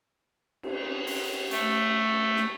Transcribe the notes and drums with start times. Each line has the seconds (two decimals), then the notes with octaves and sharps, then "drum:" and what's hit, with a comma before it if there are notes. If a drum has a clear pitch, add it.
0.63 drum: cymbal
1.07 drum: open hi-hat
1.51 A3, drum: hi-hat
2.36 drum: snare